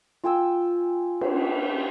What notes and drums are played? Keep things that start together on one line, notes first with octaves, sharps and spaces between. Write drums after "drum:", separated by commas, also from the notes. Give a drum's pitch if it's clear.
F4 G5 G#5 E6
drum: cymbal